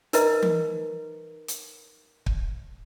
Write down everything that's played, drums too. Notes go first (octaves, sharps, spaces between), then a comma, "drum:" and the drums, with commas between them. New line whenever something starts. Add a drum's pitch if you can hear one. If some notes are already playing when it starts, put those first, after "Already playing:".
D#4 A#4 B4 D#5 A#5, drum: hi-hat
drum: tom E3
drum: hi-hat
drum: kick